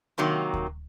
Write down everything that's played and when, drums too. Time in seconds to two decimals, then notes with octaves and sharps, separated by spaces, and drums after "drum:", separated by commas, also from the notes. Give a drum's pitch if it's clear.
0.18 C3 D#3 F#3 A#3
0.54 drum: kick D2